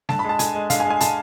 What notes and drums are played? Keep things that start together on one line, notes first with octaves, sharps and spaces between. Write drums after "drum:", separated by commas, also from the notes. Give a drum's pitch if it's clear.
D3 A5, drum: snare G3
B5
G#3 A5
D3 G#5, drum: hi-hat
G#3
D3 F5, drum: hi-hat
G#5
G#3
G#5
D3 A5, drum: hi-hat